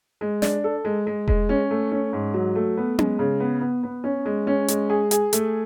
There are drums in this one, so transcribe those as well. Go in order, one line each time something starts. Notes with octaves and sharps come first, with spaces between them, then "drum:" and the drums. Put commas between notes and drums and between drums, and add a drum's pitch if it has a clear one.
G#3
D4, drum: snare
A4
G#3
G#3
G#3, drum: kick E1
C#4
A3
C#4
G#2
F#3
A3
B3
G#3, drum: tom C#4
C#3
B3
B3
B3
C#4
G#3
C#4
G#3, drum: hi-hat
G#4
G#4, drum: hi-hat
A3, drum: hi-hat